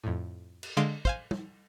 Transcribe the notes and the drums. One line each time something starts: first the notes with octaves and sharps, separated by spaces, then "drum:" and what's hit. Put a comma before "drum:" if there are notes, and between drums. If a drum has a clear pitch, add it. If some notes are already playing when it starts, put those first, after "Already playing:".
F2 A2
drum: cymbal
D3 G#3 F5 C6 D6
C5 F5 G#5, drum: kick
drum: tom